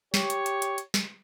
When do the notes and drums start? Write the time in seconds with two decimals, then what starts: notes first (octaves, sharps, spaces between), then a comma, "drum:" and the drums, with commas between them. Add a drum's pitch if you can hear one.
0.14 G4 C#5, drum: snare
0.30 drum: hi-hat
0.46 drum: hi-hat
0.62 drum: hi-hat
0.78 drum: hi-hat
0.94 drum: snare